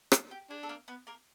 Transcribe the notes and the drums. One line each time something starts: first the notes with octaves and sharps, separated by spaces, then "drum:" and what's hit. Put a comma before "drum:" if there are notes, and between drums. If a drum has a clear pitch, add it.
F4, drum: rim click
G4
D4 G#4
A4
A#3 A#4
B3 B4
A#3 A#4